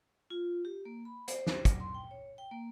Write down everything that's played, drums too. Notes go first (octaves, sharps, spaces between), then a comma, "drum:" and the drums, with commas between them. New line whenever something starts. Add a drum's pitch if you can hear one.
F4
G4
A#3
B5
C5, drum: hi-hat
drum: snare
F#3, drum: kick, hi-hat
C6
G5
C#5
G5
A#3